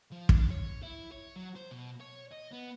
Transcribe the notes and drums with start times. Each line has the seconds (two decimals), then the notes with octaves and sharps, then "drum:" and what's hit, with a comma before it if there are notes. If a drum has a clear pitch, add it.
0.12 F3
0.29 D4, drum: kick
0.51 C#5
0.83 E4
1.12 C#5
1.36 F#3
1.56 C5
1.71 B2
2.01 C#5
2.33 D#5
2.53 B3